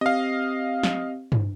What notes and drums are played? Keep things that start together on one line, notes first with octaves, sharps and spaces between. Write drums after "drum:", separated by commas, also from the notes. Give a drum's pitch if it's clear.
C4 G4 D#5 F5
drum: snare
drum: tom G2